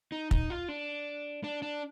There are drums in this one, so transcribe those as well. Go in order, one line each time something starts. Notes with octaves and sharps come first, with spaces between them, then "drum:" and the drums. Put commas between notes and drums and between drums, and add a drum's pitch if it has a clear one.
D#4
D#4, drum: kick
F4
D4
D4
D4